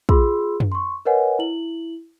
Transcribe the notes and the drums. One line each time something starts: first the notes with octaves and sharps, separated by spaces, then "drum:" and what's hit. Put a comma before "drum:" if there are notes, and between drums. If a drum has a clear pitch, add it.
F4 G#4 B5 C6 E6, drum: kick
drum: tom F#2
C6 C#6
A#4 B4 C#5 D#5 F#5 G#5
E4 F#7